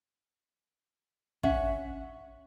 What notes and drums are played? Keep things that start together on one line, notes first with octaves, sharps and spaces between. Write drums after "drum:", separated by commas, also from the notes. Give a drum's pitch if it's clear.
C#4 E5 F#5, drum: kick